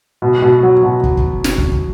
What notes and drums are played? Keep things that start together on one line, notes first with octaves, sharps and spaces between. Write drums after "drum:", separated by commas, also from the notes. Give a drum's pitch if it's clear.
B2
B2
F#3
B2
drum: kick
drum: kick
drum: snare
drum: kick
drum: kick